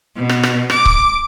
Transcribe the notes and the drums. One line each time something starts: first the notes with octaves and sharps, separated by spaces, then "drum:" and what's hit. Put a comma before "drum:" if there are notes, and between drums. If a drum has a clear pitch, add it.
B2
drum: rim click
drum: rim click
D6, drum: rim click
drum: kick C#1